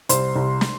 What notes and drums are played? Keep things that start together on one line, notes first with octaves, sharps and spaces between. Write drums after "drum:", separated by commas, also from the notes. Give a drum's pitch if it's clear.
C2 C5 C6, drum: hi-hat
C2
drum: snare